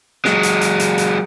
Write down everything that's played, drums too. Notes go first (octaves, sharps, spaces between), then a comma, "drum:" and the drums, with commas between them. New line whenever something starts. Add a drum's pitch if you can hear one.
F#3 G#3, drum: snare
drum: hi-hat
drum: hi-hat
drum: hi-hat
drum: hi-hat